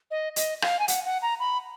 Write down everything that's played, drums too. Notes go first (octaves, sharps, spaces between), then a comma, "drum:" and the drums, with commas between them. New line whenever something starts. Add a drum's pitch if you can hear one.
D#5
D#5, drum: hi-hat
F5, drum: rim click
G#5
F#5, drum: hi-hat
F#5
A#5
B5